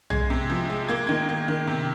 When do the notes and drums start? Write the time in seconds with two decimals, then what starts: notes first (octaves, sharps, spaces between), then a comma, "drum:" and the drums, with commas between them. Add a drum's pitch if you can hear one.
0.10 G#3 G#6, drum: tom B1
0.30 C3
0.50 F3
0.70 G#3
0.88 A#3 G#6
1.07 D#3 G#6
1.29 A#3
1.48 D#3
1.67 C3